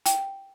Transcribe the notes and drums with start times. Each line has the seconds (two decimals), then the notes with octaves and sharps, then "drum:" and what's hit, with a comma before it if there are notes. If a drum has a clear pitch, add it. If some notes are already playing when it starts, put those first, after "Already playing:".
0.06 G5, drum: hi-hat